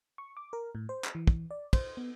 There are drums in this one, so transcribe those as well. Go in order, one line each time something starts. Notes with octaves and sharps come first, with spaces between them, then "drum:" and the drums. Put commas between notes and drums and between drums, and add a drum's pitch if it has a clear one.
C#6
D6
A#4
A2
C5
drum: clap
E3
drum: kick
D5
C5, drum: kick, cymbal
B3